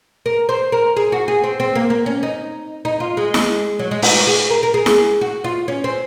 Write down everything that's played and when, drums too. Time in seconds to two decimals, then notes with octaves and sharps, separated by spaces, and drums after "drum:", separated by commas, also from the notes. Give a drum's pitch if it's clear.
0.26 A#4
0.49 C5
0.72 A#4
0.97 G#4
1.12 F#4
1.28 G#4
1.44 C4
1.60 C4
1.75 A#3
1.90 A#3
2.06 C#4
2.23 D#4
2.85 D#4
3.00 F4
3.17 G#3
3.34 drum: snare E4
3.79 F#3
3.91 G#3
4.02 D#4, drum: open hi-hat
4.15 F#4
4.27 G#4
4.50 A#4
4.63 A#4
4.74 G#4
4.86 drum: snare E4
5.21 F#4
5.44 F4
5.68 C#4
5.84 C4